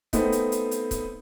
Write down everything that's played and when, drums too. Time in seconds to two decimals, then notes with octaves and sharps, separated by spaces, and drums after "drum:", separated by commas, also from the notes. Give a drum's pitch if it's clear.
0.13 A3 B3 C4 D#4, drum: kick C#1, hi-hat
0.32 drum: hi-hat
0.52 drum: hi-hat
0.71 drum: hi-hat
0.91 drum: kick C#1, hi-hat